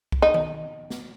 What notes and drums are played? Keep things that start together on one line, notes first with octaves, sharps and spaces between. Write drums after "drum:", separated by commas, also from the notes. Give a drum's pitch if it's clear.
drum: kick
D#4
drum: tom D#3
drum: snare